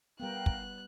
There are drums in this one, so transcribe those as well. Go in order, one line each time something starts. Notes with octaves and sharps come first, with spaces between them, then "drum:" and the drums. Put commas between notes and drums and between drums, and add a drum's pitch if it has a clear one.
G3 B3 A#4 F5 G5 F#6
drum: kick